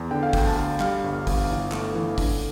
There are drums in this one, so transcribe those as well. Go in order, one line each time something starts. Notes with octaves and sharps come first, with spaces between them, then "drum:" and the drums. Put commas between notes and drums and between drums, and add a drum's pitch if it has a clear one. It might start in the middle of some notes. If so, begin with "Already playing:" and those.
Already playing: E2
D3 G5
F5
D2 G5, drum: kick, open hi-hat
A5
D3
G3 F5, drum: clap
G1
G1, drum: kick, open hi-hat
E3
A3, drum: clap
E3
D3, drum: kick, open hi-hat